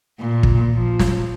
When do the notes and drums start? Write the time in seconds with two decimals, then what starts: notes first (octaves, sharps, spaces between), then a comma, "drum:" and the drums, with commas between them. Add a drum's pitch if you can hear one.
0.20 A#2
0.43 drum: kick
0.73 F3
0.99 drum: snare